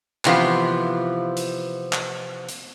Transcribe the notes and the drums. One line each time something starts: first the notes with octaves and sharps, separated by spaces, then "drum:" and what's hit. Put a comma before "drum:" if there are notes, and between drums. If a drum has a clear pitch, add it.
C3 E3 F3 B3 F4, drum: clap
drum: hi-hat
drum: clap
drum: hi-hat